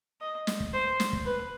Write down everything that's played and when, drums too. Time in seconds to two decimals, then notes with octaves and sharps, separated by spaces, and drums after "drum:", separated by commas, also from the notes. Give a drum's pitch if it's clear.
0.21 D#5
0.47 drum: snare
0.60 drum: kick
0.73 C5
1.00 drum: snare
1.13 drum: kick
1.26 B4